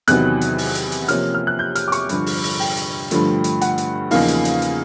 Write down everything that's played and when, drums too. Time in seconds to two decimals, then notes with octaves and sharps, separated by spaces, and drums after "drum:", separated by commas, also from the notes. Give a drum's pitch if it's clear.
0.08 E2 C3 D#3 F#3 B3 F#6, drum: hi-hat
0.41 drum: hi-hat
0.58 drum: open hi-hat
0.75 drum: hi-hat
0.92 drum: hi-hat
1.08 C3 F3 A#3 C#4 F6, drum: hi-hat
1.34 F6
1.47 F#6
1.59 G6
1.75 F6, drum: hi-hat
1.88 D6
1.92 C#6, drum: hi-hat
2.09 G2 D3 F3, drum: hi-hat
2.26 drum: open hi-hat
2.43 drum: open hi-hat
2.60 G5, drum: open hi-hat
2.77 drum: hi-hat
3.11 G2 D3 F3 A3, drum: hi-hat
3.44 drum: hi-hat
3.61 F#5, drum: hi-hat
3.78 drum: hi-hat
4.11 E2 C#3 F3 A#3 D#4 F5, drum: open hi-hat
4.28 drum: hi-hat
4.45 drum: hi-hat
4.62 drum: hi-hat